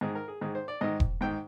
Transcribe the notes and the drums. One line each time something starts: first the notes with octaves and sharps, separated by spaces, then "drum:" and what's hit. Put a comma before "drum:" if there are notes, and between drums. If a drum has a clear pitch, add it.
G#2 D#3 G#4
A#4
G#4
G#2 D#3 G#4
C5
D5
G#2 D#3 D#5
drum: kick E1
G#2 D#3 G5